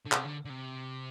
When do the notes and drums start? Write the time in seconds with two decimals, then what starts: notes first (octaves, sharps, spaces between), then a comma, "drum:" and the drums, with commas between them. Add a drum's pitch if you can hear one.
0.06 D3
0.12 C3, drum: clap
0.25 D3
0.45 D3
0.50 C3